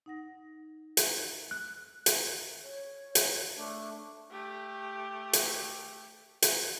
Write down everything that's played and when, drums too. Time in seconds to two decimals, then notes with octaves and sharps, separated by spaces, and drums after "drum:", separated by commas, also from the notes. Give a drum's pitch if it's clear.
0.06 D#4 F#5 A#6
0.97 drum: hi-hat
1.51 F#6
2.06 drum: hi-hat
2.63 C#5
3.15 drum: hi-hat
3.57 A3 D4
4.31 A3 G4
5.33 drum: hi-hat
6.42 drum: hi-hat